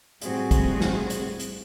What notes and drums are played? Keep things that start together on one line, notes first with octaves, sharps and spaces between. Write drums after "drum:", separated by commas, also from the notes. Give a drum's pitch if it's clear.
A2 G3 C4 F#4 G#4, drum: hi-hat
drum: kick, hi-hat
drum: snare
drum: hi-hat
drum: hi-hat